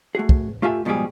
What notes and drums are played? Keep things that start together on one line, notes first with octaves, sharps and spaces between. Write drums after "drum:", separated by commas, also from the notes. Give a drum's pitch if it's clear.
A3 F#4 G#4
drum: kick
A3 F4 G4 E5 G#5
G#2 B2 F3 G3 G4 G#4